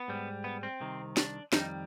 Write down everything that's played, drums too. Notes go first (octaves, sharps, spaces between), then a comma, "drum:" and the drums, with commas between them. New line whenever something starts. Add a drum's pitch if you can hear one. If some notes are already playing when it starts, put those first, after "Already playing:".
Already playing: B3
G#2 G3
B3
C4
C2 C3 D#3
D4, drum: snare
F2 D#3 G3 D#4, drum: snare